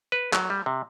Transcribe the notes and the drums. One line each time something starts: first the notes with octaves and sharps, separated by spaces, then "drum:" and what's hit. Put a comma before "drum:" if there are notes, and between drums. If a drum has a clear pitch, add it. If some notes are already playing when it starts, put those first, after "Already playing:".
B4
F#3, drum: clap
G3
C3